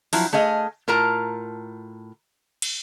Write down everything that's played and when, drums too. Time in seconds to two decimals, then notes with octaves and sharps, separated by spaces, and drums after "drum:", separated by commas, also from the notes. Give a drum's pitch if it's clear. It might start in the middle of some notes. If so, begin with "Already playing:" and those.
0.13 F3 F#3 E4, drum: open hi-hat
0.33 A3 G#4 D#5 F5
0.88 A2 F4 A#4 A5 A#5
2.62 drum: cymbal